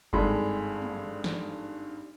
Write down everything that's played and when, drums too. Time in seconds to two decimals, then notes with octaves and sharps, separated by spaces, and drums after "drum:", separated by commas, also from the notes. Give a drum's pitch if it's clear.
0.13 G#1 G2 G#3 A4 B5 C6, drum: kick F#1
0.82 drum: tom
1.24 drum: snare